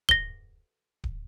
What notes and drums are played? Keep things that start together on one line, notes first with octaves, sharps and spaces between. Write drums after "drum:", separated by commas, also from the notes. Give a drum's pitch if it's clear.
A#6 G7, drum: kick D1
drum: kick D1